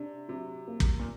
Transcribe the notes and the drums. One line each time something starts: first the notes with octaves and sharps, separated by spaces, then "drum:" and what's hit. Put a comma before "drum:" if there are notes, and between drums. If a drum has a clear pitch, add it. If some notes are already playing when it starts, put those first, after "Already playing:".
Already playing: C3 D4
C3 F#3
A#3
drum: kick
A#2